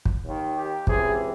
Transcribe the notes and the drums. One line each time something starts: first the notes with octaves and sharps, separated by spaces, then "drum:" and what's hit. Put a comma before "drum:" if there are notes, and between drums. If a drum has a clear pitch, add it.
drum: kick
D#2 D#3
G4
C#2 C3 E3 G#4, drum: kick